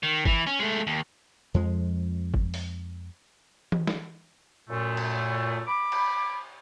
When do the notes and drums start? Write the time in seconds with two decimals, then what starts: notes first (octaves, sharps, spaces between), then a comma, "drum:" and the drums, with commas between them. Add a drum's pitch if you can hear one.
0.03 D#3
0.25 E3, drum: kick
0.47 C#4
0.59 G#3 A3
0.87 D#2
1.54 F2 F3 G#3
2.34 drum: kick
2.54 drum: open hi-hat
3.72 drum: tom E3
3.87 drum: snare
4.70 F#2 A#2 A3
4.97 drum: cymbal
5.67 B5 D6
5.92 drum: cymbal